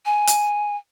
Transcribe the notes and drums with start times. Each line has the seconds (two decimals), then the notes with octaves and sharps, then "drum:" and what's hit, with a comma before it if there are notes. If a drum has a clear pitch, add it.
0.06 G#5
0.27 drum: hi-hat